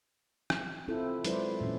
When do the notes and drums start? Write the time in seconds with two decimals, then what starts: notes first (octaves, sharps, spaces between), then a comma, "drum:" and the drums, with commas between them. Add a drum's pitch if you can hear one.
0.50 drum: rim click
0.88 C4 E4 F4 A4
1.25 F#3 G#3 E4 B4 C5 D5, drum: hi-hat
1.61 A#2 E3 C#4